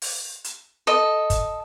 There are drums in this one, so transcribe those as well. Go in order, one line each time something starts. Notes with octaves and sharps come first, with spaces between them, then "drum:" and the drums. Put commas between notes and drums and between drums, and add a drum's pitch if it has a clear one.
drum: open hi-hat
drum: hi-hat
A4 D#5
drum: kick, hi-hat